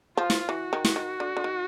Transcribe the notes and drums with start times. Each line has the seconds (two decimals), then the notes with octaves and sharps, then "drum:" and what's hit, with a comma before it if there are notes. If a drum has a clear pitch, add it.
0.17 F3 F4
0.30 drum: snare
0.49 E3 F#4
0.73 D#3
0.85 drum: snare
0.96 D#3
1.20 D3
1.37 D3
1.44 D#3